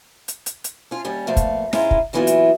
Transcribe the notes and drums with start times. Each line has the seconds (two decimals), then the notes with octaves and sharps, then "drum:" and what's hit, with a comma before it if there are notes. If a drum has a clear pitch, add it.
0.28 drum: hi-hat
0.46 drum: hi-hat
0.64 drum: hi-hat
0.91 C#4 F4
1.05 D#2 G3 C#4
1.27 A#2 F3 A3 B3 F5
1.37 drum: kick, hi-hat
1.73 G#2 G#3 C#4 E4 F4 A#5, drum: snare
1.91 drum: kick
2.13 A#2 E3 F#3 B3 E4 F4
2.27 drum: hi-hat